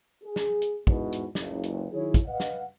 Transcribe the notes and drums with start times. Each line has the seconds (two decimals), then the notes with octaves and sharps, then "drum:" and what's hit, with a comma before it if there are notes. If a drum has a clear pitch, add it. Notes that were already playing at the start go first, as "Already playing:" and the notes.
0.24 G#4
0.36 drum: snare
0.62 drum: hi-hat
0.87 E2 G#2 B2, drum: kick
1.12 drum: hi-hat
1.35 F#1 C#2, drum: snare
1.63 drum: hi-hat
1.92 D#3 F#3 E4 G#4 C#5
2.14 drum: kick, hi-hat
2.27 B4 D#5 F5 F#5
2.40 drum: snare